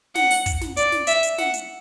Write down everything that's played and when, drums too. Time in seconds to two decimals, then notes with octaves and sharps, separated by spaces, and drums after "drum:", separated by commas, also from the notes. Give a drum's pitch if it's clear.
0.15 F#5, drum: snare
0.31 drum: open hi-hat
0.46 drum: kick, hi-hat
0.61 drum: snare
0.77 D5, drum: hi-hat
0.92 drum: snare
1.07 E5, drum: hi-hat
1.23 drum: hi-hat
1.38 F#5, drum: snare
1.54 drum: hi-hat